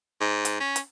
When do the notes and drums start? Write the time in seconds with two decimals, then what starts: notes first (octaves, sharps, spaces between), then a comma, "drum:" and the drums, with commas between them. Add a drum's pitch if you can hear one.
0.21 G#2
0.45 drum: hi-hat
0.60 C#4
0.76 drum: hi-hat